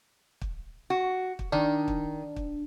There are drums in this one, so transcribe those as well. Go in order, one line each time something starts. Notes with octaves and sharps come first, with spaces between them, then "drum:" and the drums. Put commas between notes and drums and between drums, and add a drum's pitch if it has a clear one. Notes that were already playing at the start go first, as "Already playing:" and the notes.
drum: kick
F#4
drum: kick
D#3 D4
drum: kick
drum: kick